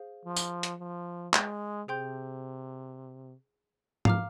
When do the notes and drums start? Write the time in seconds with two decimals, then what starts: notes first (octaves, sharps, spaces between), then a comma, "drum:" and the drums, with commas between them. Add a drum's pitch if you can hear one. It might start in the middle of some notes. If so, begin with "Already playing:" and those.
Already playing: G#4 C5 F5
0.25 F3
0.36 drum: tambourine
0.63 drum: hi-hat
0.80 F3
1.34 G#3, drum: clap
1.88 C3 G#4 C5 G5 C6 G6
4.05 F5 A#5 D6 F6, drum: tom G#2